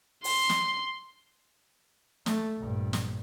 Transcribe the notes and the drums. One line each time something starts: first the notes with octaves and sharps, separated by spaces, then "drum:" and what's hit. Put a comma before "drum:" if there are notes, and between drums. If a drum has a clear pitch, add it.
C6, drum: open hi-hat
drum: snare
A3, drum: snare
A#1 G2
drum: snare